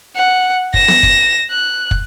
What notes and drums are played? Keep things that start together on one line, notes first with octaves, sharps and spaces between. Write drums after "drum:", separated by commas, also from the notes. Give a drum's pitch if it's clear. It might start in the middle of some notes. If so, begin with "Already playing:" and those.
F#5
A#6 E7, drum: kick
drum: snare B3
drum: kick
F#6
drum: kick